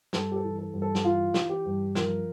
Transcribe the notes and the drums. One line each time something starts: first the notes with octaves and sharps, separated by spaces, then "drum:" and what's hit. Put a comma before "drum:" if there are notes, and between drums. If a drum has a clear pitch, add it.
G2 A4, drum: snare
G4
A4
E3
A4
G2
A4
drum: snare
E3 F4
E3, drum: snare
G4
G2
F3 A#4, drum: snare